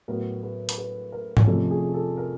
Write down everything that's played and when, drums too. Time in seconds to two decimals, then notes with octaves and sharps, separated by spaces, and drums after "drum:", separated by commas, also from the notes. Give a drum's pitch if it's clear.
0.08 A2 F#3 B3 A#4
0.43 B4
0.69 A#4, drum: hi-hat
0.78 B4
1.12 A#4
1.37 drum: tom G#2
1.47 F2 C3 F3 A3 C#4 A4
1.71 G#4
1.94 A4
2.17 A#4